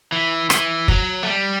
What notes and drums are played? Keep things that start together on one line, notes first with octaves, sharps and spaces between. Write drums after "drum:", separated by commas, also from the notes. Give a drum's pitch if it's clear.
E3
E3, drum: rim click
F#3, drum: kick
A3
G3